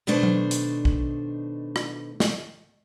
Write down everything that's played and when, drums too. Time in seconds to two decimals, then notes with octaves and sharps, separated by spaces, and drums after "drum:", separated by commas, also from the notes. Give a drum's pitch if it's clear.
0.07 B2 D#3 A3 D4 C5
0.23 drum: tom F#3
0.51 drum: hi-hat
0.85 drum: kick A#1
1.76 drum: rim click
2.20 drum: snare